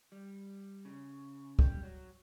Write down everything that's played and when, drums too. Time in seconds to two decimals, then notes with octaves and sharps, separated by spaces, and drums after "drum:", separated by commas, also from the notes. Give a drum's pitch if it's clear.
0.12 G3
0.85 C#3
1.59 G3, drum: kick
1.83 F#3